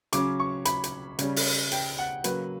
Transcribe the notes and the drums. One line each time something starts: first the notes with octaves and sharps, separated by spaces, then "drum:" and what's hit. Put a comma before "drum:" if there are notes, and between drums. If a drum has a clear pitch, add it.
C#3 F#3 C#4 D6, drum: hi-hat
C#6
B5, drum: hi-hat
drum: hi-hat
C#3 G3 C#4, drum: hi-hat
drum: open hi-hat
G5, drum: hi-hat
F#5
C#3 F#3 A#3 B4, drum: hi-hat